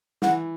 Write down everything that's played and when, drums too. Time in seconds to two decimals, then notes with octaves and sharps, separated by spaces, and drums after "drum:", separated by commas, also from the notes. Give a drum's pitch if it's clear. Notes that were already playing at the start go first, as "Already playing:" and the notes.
0.22 E3 F#5, drum: snare